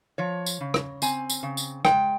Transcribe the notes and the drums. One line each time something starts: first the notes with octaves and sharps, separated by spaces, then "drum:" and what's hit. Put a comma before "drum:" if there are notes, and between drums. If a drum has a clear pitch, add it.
F3 C#5
drum: tambourine
C#3
drum: rim click
C4 G#5, drum: tambourine
drum: tambourine
C#3
drum: tambourine
G#3 G5, drum: rim click